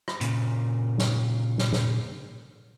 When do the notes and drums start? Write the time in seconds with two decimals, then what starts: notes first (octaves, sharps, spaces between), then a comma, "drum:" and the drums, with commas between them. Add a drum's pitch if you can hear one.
0.08 drum: rim click
0.21 A#2 C#3, drum: hi-hat
0.98 drum: snare
1.58 drum: snare
1.73 drum: snare